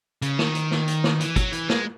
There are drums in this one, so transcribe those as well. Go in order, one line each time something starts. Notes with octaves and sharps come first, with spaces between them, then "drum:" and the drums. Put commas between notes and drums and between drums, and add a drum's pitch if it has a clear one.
C#3, drum: hi-hat
D#3, drum: snare
drum: hi-hat
drum: snare
drum: hi-hat
drum: snare
E3, drum: hi-hat
F#3, drum: kick, hi-hat
E3, drum: hi-hat
G#3, drum: snare